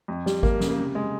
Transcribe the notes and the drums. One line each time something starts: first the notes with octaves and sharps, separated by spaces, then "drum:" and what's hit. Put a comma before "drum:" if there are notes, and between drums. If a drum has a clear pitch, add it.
F2
G3, drum: snare
A#3, drum: kick G#1
C#3, drum: snare
A#3
C3
G#3